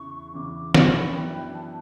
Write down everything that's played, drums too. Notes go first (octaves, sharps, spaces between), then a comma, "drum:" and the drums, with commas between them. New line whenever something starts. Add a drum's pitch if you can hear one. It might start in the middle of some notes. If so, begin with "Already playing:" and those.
Already playing: E2 C#3 E3 C#6
E2 C#3 E3 D6
D6
C#6, drum: snare
B5
F#2 E3 B3 D4 G5
G5
A5